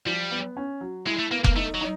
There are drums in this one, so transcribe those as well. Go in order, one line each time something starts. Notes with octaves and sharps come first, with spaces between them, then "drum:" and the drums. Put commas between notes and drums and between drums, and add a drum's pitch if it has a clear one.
F3 G3
B3
C#4
F#3
G#3 E4
A3
A#3 B3
A#3, drum: kick F1
A3 D#4
F#3
D#4